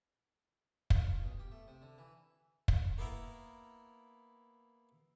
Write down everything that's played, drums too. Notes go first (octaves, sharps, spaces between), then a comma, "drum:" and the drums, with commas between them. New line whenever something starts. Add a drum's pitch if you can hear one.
drum: kick
F4
B1
G4
A3
C3
D3
E3
drum: kick
A#3 B3 E4 A#4